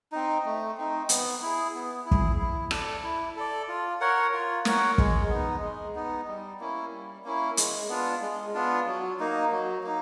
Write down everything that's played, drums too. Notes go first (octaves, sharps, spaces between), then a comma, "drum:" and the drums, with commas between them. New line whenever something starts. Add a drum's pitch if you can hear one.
C4 D#4
A3
C4 D#4
B3, drum: hi-hat
E4 G#4
B3
E4
G#4, drum: kick
E4
A4 D5, drum: rim click
E4
A4 D5
F4
A#4 C#5 F#5
F4
A#4 C#5 F#5, drum: snare
G#3, drum: kick
B3 D#4
G#3
B3 D#4
G3
A#3 C#4 E4
G3
A#3 C#4 E4
G#3, drum: hi-hat
B3 D4 F4
G#3
B3 D4 F4
F#3
A#3 D#4
F#3
A#3 D#4